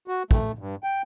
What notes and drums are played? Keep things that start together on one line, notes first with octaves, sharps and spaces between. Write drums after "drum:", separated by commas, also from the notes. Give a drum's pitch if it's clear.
F#4
A3, drum: kick
G2
G5